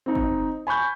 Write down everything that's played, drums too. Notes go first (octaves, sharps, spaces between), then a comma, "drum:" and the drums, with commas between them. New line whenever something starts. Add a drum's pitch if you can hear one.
C4 D#4
drum: kick
G#5 B5 C#6 G6